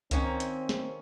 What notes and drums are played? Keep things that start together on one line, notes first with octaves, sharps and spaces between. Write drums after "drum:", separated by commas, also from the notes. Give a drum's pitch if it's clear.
D#3 A#3 C4 C#4, drum: kick C#2, hi-hat
drum: hi-hat
drum: snare